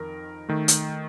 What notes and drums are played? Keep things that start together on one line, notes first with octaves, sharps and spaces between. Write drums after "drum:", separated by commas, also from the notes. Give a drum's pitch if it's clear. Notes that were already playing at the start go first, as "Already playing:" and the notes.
Already playing: F2 D#3 A#4
D#3 A3
drum: hi-hat